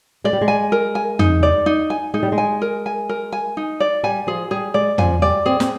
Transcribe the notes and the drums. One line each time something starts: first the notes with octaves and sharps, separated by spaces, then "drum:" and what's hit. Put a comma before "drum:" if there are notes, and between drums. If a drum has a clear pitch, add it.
G#3 D5
G3
G#3
G#5
A#4
G#5
D#4, drum: tom
D5
D#4
G#5
G#3 D#4
G3
G#3
G#5
A#4
G#5
A#4
G#5
D#4
D5
G3 G#5
F3 G#4
G3 G#4
G#3 D5
F3 G#5, drum: tom
G3 D5
C4 G#4
C4, drum: snare